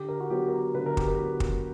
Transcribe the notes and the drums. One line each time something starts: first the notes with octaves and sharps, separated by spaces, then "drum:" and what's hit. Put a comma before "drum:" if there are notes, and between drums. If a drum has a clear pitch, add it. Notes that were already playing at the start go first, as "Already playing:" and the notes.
Already playing: D3 G4
A#4
F#4
F#3 B3 G4
A#4
G4
D3 B4
A#4
G4, drum: kick
A#4
F#3 B3
drum: kick